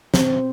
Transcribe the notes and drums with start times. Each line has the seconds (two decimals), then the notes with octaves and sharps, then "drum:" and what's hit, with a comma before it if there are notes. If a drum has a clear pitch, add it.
0.14 B2 C4, drum: snare